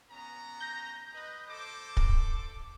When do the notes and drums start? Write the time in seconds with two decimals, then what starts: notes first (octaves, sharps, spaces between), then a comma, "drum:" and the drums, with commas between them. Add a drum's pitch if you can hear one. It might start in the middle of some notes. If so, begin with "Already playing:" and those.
0.11 B3 C#4 A#5
0.60 G6 A#6
1.14 B4 D#5
1.48 A4 C5 D6
1.97 drum: kick